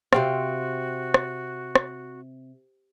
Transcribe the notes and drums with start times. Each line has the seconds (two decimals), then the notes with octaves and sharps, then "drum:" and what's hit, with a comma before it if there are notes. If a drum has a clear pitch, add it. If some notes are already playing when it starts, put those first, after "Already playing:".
0.13 C3 C4 F#4 F5, drum: rim click
1.14 drum: rim click
1.75 drum: rim click